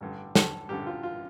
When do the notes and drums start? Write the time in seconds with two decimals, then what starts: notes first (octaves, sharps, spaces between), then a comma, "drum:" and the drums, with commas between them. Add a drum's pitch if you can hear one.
0.01 A1 G2 D3
0.35 A4, drum: snare
0.69 A1 G2 D3 G4
0.87 F4
1.03 F4